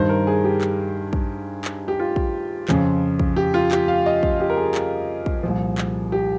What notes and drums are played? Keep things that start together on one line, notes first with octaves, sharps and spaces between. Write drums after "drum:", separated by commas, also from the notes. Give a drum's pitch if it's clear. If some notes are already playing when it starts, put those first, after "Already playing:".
Already playing: G2 D#3 C5
A#4
G#4
G4
drum: clap
drum: kick
drum: clap
G4
F4
drum: kick
F2 C#3 F3, drum: clap
drum: kick
G4
F4
G4, drum: clap
F5
D#5
drum: kick
G4
A#4
G#4
drum: clap
drum: kick
C2 A#2 F3
drum: clap
G4